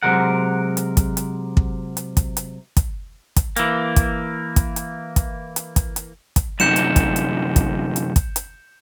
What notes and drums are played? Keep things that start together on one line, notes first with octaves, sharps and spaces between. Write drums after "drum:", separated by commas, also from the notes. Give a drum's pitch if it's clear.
C3 F#3 G#3 A#4 F#5
drum: hi-hat
drum: kick, hi-hat
drum: hi-hat
drum: kick
drum: hi-hat
drum: kick, hi-hat
drum: hi-hat
drum: kick, hi-hat
drum: kick, hi-hat
E3 A#3, drum: hi-hat
drum: kick, hi-hat
drum: kick, hi-hat
drum: hi-hat
drum: kick, hi-hat
drum: hi-hat
drum: kick, hi-hat
drum: hi-hat
drum: kick, hi-hat
F#2 C3 D#4 G6 C#7 E7
drum: hi-hat
drum: kick, hi-hat
drum: hi-hat
drum: kick, hi-hat
drum: hi-hat
drum: kick, hi-hat
drum: hi-hat